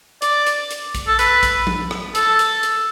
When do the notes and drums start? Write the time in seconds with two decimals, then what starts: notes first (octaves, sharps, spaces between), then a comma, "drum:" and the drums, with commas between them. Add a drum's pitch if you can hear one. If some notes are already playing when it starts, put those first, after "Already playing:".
0.22 D5, drum: hi-hat
0.46 drum: hi-hat
0.71 drum: hi-hat
0.95 drum: kick A#1, hi-hat
1.07 A4
1.19 B4, drum: hi-hat
1.43 drum: kick A#1, hi-hat
1.67 drum: tom F3
1.91 drum: rim click
2.15 A4, drum: hi-hat
2.39 drum: hi-hat
2.63 drum: hi-hat